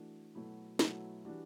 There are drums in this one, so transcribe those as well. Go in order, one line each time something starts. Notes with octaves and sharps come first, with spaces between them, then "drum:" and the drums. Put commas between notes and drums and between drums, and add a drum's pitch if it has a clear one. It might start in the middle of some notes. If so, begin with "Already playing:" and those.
Already playing: E3 A3 D4 F#4
B2 F#3 A3 E4
B2 F#3 A3 E4, drum: snare
E3 G3 D4 F#4